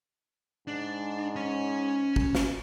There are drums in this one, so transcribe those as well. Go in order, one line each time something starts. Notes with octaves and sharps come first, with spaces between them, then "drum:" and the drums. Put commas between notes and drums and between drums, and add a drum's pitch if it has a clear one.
G#2 D4
C#4 C#5
drum: kick
drum: snare